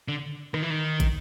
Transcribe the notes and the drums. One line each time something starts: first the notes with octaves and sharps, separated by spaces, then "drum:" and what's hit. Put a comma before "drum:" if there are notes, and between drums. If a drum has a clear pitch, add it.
D3
D#3, drum: rim click
E3
D#3
drum: kick, hi-hat